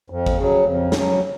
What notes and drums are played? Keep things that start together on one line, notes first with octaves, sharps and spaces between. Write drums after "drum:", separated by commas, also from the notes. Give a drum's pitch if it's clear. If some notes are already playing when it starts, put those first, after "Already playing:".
F2
drum: kick
C#3 F#3
F2
C#3 F#3, drum: snare